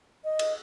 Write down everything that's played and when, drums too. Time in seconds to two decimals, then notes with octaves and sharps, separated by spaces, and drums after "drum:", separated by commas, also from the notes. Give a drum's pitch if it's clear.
0.24 D#5
0.39 drum: cymbal